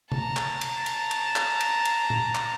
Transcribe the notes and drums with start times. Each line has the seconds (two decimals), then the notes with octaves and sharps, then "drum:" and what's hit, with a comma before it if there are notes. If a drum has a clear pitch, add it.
0.12 A5 A#5, drum: tom
0.36 drum: clap
0.61 drum: cymbal
0.86 drum: cymbal
1.11 drum: cymbal
1.36 drum: clap
1.60 drum: cymbal
1.85 drum: cymbal
2.10 drum: tom
2.35 drum: clap